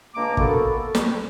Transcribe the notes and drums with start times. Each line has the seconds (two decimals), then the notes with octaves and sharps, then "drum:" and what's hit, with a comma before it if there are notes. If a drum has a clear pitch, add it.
0.15 C#2 G#3 A#3 D4 A#5 D6
0.37 A#3 B3 F#4 A4, drum: kick
0.75 A4
0.95 drum: snare